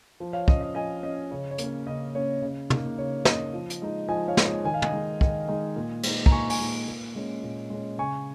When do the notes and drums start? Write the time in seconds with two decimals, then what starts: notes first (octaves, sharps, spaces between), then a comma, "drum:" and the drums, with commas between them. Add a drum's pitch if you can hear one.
0.20 F3
0.33 C#5 F5
0.48 C#4 D#5, drum: kick
0.61 D#5
0.75 F3 D#5 G#5
1.03 C#4 D#5
1.31 C#3 C#5
1.51 C#5
1.58 A#3, drum: hi-hat
1.64 C#4
1.87 C#3 D#5
2.15 A#3 C#4 C#5
2.42 C#3
2.70 A#3 D#4, drum: tom
2.98 C#3 C#5
3.25 A#3 D#4 D#5, drum: snare
3.54 F3
3.70 drum: hi-hat
3.82 G#3 D#4
4.09 F3 D#5 G#5
4.28 C#5 F5
4.37 G#3 D#4, drum: snare
4.46 D#5
4.64 D#3 G#5
4.74 F5
4.82 D#5 G#5, drum: tom
4.93 G#3 D#4
5.21 D#3, drum: kick
5.48 G#3 D#4
5.76 A#2
6.03 G#3 D#4, drum: cymbal
6.26 A#5, drum: kick
6.31 A#2 G#5 C#6
6.50 G#5 C#6, drum: open hi-hat
6.59 G#3 D#4
6.88 A#2
7.15 G#3 C#4
7.43 A#2
7.70 G#3 C#4
7.98 C#3 G#5 C#6